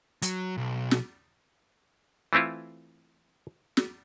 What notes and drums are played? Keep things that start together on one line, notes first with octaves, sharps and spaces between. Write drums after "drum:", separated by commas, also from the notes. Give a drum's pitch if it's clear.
F#3, drum: hi-hat
B1
drum: snare
E3 A3 C4 E4 F4
drum: snare